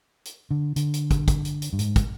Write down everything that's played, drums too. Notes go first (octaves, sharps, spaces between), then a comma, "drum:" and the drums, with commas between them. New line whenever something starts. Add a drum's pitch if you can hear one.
drum: hi-hat
D3
D3, drum: hi-hat
drum: hi-hat
drum: kick, hi-hat
drum: kick, hi-hat
drum: hi-hat
drum: hi-hat
G2
G#2, drum: hi-hat
drum: kick, hi-hat